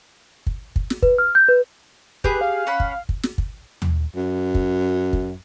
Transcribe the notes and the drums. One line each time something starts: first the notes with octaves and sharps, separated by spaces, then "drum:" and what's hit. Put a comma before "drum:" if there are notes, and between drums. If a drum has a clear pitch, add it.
drum: kick
drum: kick
drum: snare
B4, drum: kick
F6
G6
B4
G4 G#4 B4, drum: kick
F5
C#4 F#5 B5
drum: kick
drum: kick
drum: snare
drum: kick
drum: tom D#2
F#2
drum: kick
drum: kick